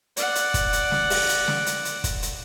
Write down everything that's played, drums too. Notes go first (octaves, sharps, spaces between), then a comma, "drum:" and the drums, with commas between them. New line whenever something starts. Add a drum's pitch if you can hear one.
D5 F#5, drum: hi-hat
drum: hi-hat
drum: kick, hi-hat
drum: hi-hat
drum: snare
drum: open hi-hat
drum: hi-hat
drum: snare
drum: hi-hat
drum: hi-hat
drum: kick, hi-hat
drum: hi-hat